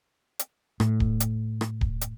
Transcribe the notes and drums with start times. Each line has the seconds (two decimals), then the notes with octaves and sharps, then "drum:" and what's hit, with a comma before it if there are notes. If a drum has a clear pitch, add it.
0.39 drum: hi-hat
0.80 A2, drum: rim click
1.00 drum: kick D1
1.20 drum: hi-hat
1.61 drum: rim click
1.81 drum: kick D1
2.01 drum: hi-hat